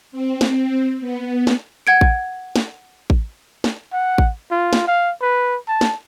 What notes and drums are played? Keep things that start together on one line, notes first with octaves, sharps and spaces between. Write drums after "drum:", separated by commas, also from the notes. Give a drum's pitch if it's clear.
C4
C4, drum: snare
B3
drum: snare
F#5 G#6 D7
drum: kick A1
drum: snare
drum: kick A1
drum: snare
F#5
drum: kick A1
F4
drum: snare
F5
B4
A5
drum: snare